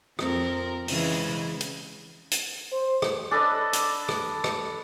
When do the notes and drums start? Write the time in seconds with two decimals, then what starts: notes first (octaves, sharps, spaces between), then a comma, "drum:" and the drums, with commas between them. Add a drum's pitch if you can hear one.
0.19 F2 C4 A#4, drum: rim click
0.88 C#3 E3 G#3, drum: open hi-hat
1.61 drum: hi-hat
2.31 drum: hi-hat
2.72 C5
3.02 drum: rim click
3.31 D4 A4 B4 D#5
3.73 drum: hi-hat
4.09 drum: rim click
4.44 drum: rim click